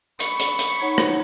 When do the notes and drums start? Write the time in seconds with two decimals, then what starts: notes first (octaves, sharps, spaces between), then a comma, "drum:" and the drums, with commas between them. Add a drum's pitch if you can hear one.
0.20 B5 C#6, drum: hi-hat
0.40 drum: hi-hat
0.59 drum: hi-hat
0.81 D#4 C#5 F#5
0.98 drum: rim click